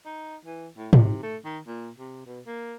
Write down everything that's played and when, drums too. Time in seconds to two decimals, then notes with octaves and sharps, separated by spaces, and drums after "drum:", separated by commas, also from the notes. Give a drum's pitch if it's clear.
0.05 D#4
0.45 E3
0.77 A2
0.93 C3, drum: tom
1.23 A3
1.45 D#3
1.67 A#2
1.98 C3
2.26 B2
2.46 A#3